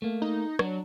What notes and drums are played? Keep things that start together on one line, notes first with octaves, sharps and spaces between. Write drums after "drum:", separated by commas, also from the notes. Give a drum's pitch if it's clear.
A3 A#3
D#4
F#3 D4, drum: rim click